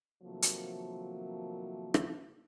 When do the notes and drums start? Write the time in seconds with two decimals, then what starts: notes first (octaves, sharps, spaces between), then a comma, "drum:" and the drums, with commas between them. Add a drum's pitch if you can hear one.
0.23 C3 D#3 F3 F#3 A3 A#3
0.42 drum: hi-hat
1.94 drum: rim click